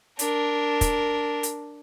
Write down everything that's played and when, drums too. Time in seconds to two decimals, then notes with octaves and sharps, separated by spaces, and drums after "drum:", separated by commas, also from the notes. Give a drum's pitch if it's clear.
0.19 D4 A#4, drum: hi-hat
0.81 drum: kick, hi-hat
1.43 drum: hi-hat